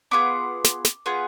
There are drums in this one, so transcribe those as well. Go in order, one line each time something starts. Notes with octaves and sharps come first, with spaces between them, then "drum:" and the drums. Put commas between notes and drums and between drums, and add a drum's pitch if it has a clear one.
B3 F4 G#4 D6
drum: snare
drum: snare
B3 F4 G#4